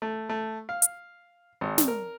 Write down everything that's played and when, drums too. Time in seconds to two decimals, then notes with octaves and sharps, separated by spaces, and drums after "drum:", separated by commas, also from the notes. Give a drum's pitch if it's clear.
0.02 A3
0.29 A3
0.69 F5
0.82 drum: hi-hat
1.61 G#1
1.78 drum: snare
1.88 A#4